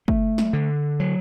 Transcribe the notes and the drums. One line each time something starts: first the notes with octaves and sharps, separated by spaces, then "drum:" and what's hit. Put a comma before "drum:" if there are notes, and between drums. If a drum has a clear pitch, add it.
A3, drum: kick G1
drum: snare
D3
F#3